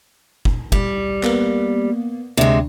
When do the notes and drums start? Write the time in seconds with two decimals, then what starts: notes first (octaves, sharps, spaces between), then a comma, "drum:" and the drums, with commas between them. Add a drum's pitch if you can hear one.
0.45 drum: kick
0.72 G3, drum: kick
1.23 A#3 B3, drum: clap
2.37 D2 C3 G#3 D4